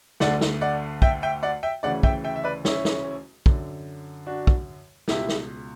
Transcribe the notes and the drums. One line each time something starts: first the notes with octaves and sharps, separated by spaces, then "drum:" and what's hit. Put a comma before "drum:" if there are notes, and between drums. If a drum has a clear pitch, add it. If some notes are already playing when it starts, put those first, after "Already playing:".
D2 D3 D5 F#5, drum: snare
drum: snare
D5 F#5
E5 G5, drum: kick
E5 G5
D5 F#5
E5 G5
D2 C#3 E3 D5 F#5
E5 G5, drum: kick
E5 G5
E5
B4 D5
C#4 E4, drum: snare
drum: snare
F#2 D3, drum: kick
D4 F#4
drum: kick
C#2 B2 E4 G4, drum: snare
drum: snare